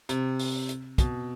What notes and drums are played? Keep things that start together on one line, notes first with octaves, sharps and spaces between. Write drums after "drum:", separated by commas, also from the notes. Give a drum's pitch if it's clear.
C3, drum: hi-hat
drum: open hi-hat
drum: hi-hat
B2, drum: kick, hi-hat